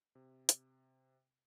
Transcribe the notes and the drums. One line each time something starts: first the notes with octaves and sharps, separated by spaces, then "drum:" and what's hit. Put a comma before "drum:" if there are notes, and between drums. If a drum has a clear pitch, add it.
C3
drum: hi-hat